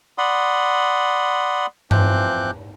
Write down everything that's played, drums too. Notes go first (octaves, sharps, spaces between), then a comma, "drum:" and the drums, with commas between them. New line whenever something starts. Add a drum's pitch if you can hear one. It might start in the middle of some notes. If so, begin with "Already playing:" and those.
D5 F#5 B5 C6 D#6
E3 F3 C4 D6 F#6 G6, drum: tom G2